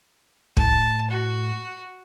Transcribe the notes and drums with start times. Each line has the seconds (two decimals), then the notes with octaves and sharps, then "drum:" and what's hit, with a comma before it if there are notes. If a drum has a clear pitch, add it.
0.57 A2 A5, drum: kick
1.11 F#4